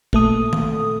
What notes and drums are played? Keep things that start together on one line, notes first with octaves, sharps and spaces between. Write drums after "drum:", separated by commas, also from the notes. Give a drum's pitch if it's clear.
A#2 A3 A4 D#6, drum: kick
drum: tom D#3